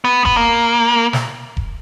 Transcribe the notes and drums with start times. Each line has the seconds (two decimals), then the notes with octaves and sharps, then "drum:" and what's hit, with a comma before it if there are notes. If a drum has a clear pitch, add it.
0.05 B3
0.25 B3, drum: kick E1
0.37 A#3
1.13 drum: snare
1.57 drum: kick E1